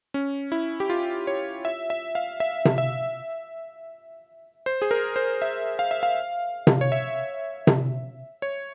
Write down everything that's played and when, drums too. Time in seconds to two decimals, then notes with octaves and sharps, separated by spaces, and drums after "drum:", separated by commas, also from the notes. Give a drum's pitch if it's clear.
0.14 C#4
0.52 E4
0.80 G4
0.90 F4
1.27 C#5
1.65 E5
1.90 E5
2.15 F5
2.40 E5
2.65 drum: tom C3
2.78 E5
4.66 C5
4.82 G#4
4.91 A#4
5.16 C5
5.42 E5
5.79 F5
5.91 E5
6.03 F5
6.67 drum: tom C3
6.81 C#5
6.92 E5
7.67 drum: tom C3
8.42 C#5